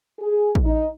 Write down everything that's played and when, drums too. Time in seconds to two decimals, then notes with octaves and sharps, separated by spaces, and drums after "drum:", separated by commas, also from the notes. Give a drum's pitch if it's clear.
0.19 G#4
0.55 drum: kick A1
0.64 D#4